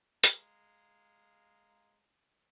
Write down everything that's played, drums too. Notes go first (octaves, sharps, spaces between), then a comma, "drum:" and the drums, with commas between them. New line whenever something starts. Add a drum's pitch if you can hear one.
G#3 F5 A#5, drum: hi-hat